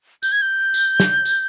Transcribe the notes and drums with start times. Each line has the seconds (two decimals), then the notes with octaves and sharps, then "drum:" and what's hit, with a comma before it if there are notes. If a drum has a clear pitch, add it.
0.23 G6, drum: tambourine
0.32 G#6
0.41 G6
0.74 drum: tambourine
1.00 drum: snare
1.25 drum: tambourine